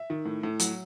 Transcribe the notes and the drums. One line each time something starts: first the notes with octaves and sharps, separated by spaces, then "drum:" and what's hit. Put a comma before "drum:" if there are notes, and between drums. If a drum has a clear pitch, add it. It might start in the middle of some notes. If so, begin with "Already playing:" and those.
Already playing: E5
D#3
A2
A2
F#3, drum: hi-hat